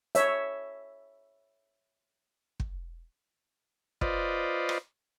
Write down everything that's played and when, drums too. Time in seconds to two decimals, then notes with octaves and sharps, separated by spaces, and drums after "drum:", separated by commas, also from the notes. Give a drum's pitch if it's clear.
0.15 C#5 E5, drum: hi-hat
2.60 drum: kick
4.01 F4 B4 C5 D5 D#5, drum: kick
4.69 drum: rim click